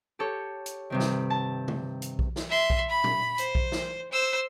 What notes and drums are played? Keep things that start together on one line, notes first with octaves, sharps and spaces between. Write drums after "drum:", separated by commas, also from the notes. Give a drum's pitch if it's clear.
G4 A4 C#5
drum: hi-hat
G2 C3 D#3
drum: snare
A5
drum: tom C#3
drum: hi-hat
drum: kick B1
drum: snare
E5 C6
drum: kick B1
B5
drum: tom
C5, drum: hi-hat
drum: kick B1
drum: snare
C5 E6